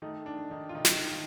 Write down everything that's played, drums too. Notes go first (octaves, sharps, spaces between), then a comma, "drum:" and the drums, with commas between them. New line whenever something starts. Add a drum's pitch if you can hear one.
D#3 A3 D#4
D4
D#3
D#3 D#4
F4
C3 D#3 D#4
drum: snare
D#3